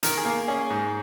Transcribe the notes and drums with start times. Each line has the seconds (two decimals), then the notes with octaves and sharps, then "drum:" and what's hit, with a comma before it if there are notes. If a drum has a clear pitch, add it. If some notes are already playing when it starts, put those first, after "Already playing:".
0.03 D#3 A#4, drum: hi-hat
0.18 G#4
0.25 A#3
0.48 C#4 G#4
0.70 G#2